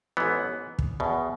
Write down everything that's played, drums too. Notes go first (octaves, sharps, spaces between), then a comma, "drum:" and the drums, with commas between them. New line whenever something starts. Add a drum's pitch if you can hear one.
A1 G#2 E3 B3
drum: kick
E2 B2